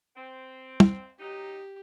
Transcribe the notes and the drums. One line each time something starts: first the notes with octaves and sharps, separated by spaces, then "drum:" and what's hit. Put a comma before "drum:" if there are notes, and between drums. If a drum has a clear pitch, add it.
C4
drum: tom
F#3 D#4 G4